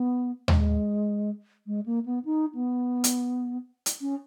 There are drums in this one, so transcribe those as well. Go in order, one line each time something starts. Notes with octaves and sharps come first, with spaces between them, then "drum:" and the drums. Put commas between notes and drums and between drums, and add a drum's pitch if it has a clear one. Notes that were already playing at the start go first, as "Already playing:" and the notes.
Already playing: B3
G#3, drum: tom D#2
G#3
A#3
B3
D#4
B3
drum: hi-hat
drum: hi-hat
C#4